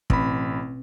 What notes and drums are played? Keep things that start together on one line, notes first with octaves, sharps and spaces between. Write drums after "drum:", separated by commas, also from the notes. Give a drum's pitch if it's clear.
A1 B2 C4 B5, drum: kick